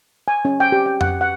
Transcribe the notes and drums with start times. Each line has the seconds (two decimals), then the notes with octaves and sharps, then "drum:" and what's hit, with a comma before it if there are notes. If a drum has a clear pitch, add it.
0.28 G#5
0.45 C#4
0.60 G5
0.72 G4
0.86 G5
1.01 F#5, drum: tom F2
1.21 F#5